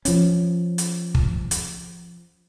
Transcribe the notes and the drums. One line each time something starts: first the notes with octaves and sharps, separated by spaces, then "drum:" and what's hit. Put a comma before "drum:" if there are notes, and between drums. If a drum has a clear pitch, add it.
F3 C#4, drum: hi-hat
drum: hi-hat
drum: kick
drum: hi-hat